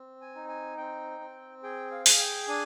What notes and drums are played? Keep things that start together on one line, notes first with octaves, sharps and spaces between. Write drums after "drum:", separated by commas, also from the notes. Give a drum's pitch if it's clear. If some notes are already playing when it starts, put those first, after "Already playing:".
Already playing: C4
G#5
D#4
G#5
C4 G5
C4
G#4 G5
F5
G#4 F5, drum: open hi-hat
G5
D4 G#5